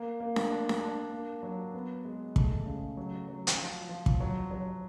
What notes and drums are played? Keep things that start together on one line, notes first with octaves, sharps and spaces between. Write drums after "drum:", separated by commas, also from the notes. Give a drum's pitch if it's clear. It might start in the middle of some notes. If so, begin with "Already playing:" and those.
Already playing: A#3
A#3
drum: snare D4
D4
drum: snare D4
D4
A#3
F#3
B3
G#3
A3, drum: kick
C#3
F#3
F#3
drum: hi-hat
F3
F3
drum: kick
F#3
F#3